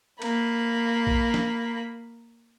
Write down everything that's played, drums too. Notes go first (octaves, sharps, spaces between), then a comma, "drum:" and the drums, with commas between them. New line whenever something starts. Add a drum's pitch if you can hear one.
A#3 B5, drum: cymbal
drum: kick A#1
drum: snare